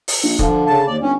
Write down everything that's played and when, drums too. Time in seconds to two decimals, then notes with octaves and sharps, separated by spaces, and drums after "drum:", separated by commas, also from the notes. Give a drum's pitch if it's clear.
0.08 drum: open hi-hat
0.23 A#1
0.39 D3 F3, drum: kick
0.67 C#3 A5
0.87 D#2 D5
1.02 G1 C#4